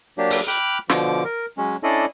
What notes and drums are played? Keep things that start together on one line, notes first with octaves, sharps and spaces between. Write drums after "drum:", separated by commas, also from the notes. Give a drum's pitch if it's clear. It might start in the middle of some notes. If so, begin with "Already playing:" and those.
F#3 A#3 D4 G4
drum: open hi-hat
G5 B5 D6 F6 F#6
B2 D3 F3 D6, drum: snare
A#4
F#3 G#3 C#4
C#4 D4 E4 A4 D5 D#5